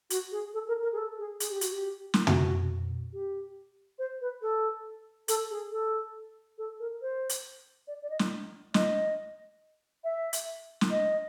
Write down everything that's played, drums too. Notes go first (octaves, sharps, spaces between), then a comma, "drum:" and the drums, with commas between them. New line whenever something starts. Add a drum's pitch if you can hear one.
F#4, drum: hi-hat
G#4
A4
A#4
A#4
G#4
A4
G#4
G#4, drum: hi-hat
G4
F#4, drum: hi-hat
G4
drum: snare
F#4, drum: tom
G4
C5
B4
A4
A4, drum: hi-hat
G#4
A4
A4
A#4
C5
drum: hi-hat
D5
D5
D#5
drum: snare
D#5, drum: snare
E5
drum: hi-hat
drum: snare
D#5